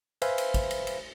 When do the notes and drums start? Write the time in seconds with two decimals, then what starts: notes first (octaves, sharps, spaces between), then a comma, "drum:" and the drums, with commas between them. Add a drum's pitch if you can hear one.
0.22 B4 C5 E5 F5 G#5 B5, drum: cymbal
0.38 drum: cymbal
0.54 drum: kick, cymbal
0.71 drum: cymbal
0.87 drum: cymbal